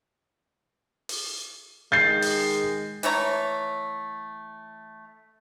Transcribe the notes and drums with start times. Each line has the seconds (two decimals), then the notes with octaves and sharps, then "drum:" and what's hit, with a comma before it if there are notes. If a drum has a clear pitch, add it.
1.09 drum: open hi-hat
1.92 D#3 G#3 G6 A6 C7
2.22 drum: open hi-hat
3.03 E3 A3 C#5 A#5, drum: hi-hat